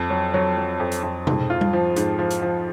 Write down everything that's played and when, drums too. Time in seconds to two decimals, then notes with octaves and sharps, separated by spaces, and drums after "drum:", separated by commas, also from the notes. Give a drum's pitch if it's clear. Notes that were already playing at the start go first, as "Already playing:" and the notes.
Already playing: F2
0.10 F#3
0.34 F#3
0.57 F#3
0.80 F2
0.92 drum: hi-hat
1.03 F2
1.27 G#2, drum: tom B2
1.50 F4
1.61 drum: tom G3
1.73 F3
1.96 G#2, drum: hi-hat
2.19 F3
2.31 drum: hi-hat
2.42 F3